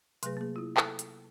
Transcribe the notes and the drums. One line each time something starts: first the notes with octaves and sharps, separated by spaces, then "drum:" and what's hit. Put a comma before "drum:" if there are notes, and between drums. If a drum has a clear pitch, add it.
C3 F#3 A3 G#4 B4, drum: hi-hat
A#3 G#4
E4 F4
A4 A5 F#6, drum: clap
drum: hi-hat